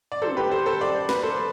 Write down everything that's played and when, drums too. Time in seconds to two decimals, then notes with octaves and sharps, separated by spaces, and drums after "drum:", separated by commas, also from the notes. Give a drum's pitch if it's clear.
0.12 D5
0.22 A4 C5, drum: tom
0.37 G4 B4
0.51 A4 C5
0.66 A4 C5
0.81 D5
0.95 C5
1.09 B4, drum: snare
1.23 A4 C5